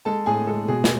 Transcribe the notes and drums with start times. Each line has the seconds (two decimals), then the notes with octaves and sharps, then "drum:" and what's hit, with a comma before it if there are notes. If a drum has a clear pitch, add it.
0.05 G#3 A4 A5
0.26 A2 G#4 G#5
0.47 G#3 A4
0.68 B2 G#4
0.84 drum: snare